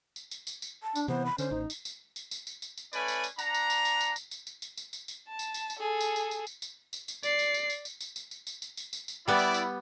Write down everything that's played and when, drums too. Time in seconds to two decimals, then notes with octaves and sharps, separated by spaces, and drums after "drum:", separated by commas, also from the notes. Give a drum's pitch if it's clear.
0.16 drum: tambourine
0.31 drum: tambourine
0.47 drum: tambourine
0.62 drum: tambourine
0.83 A5
0.96 D4, drum: tambourine
1.08 C3 E3 B3 C5
1.25 B5
1.38 D3 C#4 C5, drum: tambourine
1.51 A1 D#4
1.70 drum: tambourine
1.85 drum: tambourine
2.16 drum: tambourine
2.31 drum: tambourine
2.47 drum: tambourine
2.62 drum: tambourine
2.78 drum: tambourine
2.93 A3 C#4 B4 D5 G#5, drum: tambourine
3.08 drum: tambourine
3.24 drum: tambourine
3.39 D4 F#5 A#5, drum: tambourine
3.54 drum: tambourine
3.70 drum: tambourine
3.85 drum: tambourine
4.01 drum: tambourine
4.16 drum: tambourine
4.31 drum: tambourine
4.47 drum: tambourine
4.62 drum: tambourine
4.78 drum: tambourine
4.93 drum: tambourine
5.08 drum: tambourine
5.27 A5
5.39 drum: tambourine
5.54 drum: tambourine
5.70 drum: tambourine
5.79 G#4 A4
6.01 drum: tambourine
6.16 drum: tambourine
6.31 drum: tambourine
6.47 drum: tambourine
6.62 drum: tambourine
6.93 drum: tambourine
7.08 drum: tambourine
7.23 D5 C7, drum: tambourine
7.39 drum: tambourine
7.54 drum: tambourine
7.70 drum: tambourine
7.85 drum: tambourine
8.01 drum: tambourine
8.16 drum: tambourine
8.31 drum: tambourine
8.47 drum: tambourine
8.62 drum: tambourine
8.77 drum: tambourine
8.93 drum: tambourine
9.08 drum: tambourine
9.28 G3 B3 E4 D5
9.39 drum: tambourine
9.54 drum: tambourine